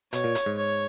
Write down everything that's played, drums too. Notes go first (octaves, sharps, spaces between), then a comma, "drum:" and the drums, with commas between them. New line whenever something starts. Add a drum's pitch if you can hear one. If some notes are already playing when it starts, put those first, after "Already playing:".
B2 C#5, drum: hi-hat
A#2
drum: hi-hat
G#2
C#5